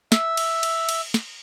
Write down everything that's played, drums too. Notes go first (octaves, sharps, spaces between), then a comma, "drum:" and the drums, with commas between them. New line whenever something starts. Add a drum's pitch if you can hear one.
E5, drum: snare
drum: cymbal
drum: cymbal
drum: cymbal
drum: snare